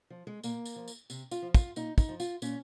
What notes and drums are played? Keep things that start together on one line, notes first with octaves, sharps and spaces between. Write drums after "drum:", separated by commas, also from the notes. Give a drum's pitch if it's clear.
F3
G#3
A#2 A#3, drum: tambourine
drum: tambourine
F3
drum: tambourine
C3, drum: tambourine
F4, drum: tambourine
F3
F4, drum: kick, tambourine
A#2 D#4, drum: tambourine
D#4, drum: kick, tambourine
F3
F4, drum: tambourine
A#2 C#4, drum: tambourine